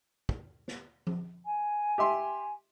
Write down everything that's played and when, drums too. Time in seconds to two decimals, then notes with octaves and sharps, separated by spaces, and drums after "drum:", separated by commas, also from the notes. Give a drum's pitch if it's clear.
0.29 drum: kick
0.68 drum: snare
1.07 drum: tom F3
1.46 G#5
1.98 G4 E5 C6